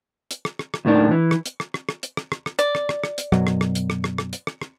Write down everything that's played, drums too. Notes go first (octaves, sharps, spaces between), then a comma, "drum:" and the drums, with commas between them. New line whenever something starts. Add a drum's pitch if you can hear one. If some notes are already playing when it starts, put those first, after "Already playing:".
drum: hi-hat
drum: rim click
drum: rim click
drum: rim click
D#2 A2 D#3 D4
E3
drum: rim click
drum: hi-hat
drum: rim click
drum: rim click
drum: rim click
drum: hi-hat
drum: rim click
drum: rim click
drum: rim click
D5, drum: hi-hat
drum: rim click
drum: rim click
drum: rim click
drum: hi-hat
F#2 B2 F#3, drum: rim click
drum: rim click
drum: rim click
drum: hi-hat
drum: rim click
drum: rim click
drum: rim click
drum: hi-hat
drum: rim click
drum: rim click